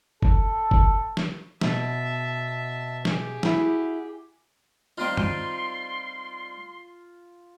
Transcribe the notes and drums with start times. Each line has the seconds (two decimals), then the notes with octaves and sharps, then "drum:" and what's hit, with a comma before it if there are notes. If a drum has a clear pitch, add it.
0.22 A4, drum: kick F#1
0.71 drum: kick F#1
1.17 drum: snare
1.61 B2 E5 A5, drum: snare
3.05 G4 G#4, drum: snare
3.43 E4 F#4, drum: snare
4.98 G3 C4 D#4 F4 C6
5.17 drum: tom G2